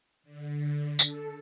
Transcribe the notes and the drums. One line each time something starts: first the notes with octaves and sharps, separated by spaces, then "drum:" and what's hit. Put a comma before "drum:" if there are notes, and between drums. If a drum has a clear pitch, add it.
D3
A4, drum: tambourine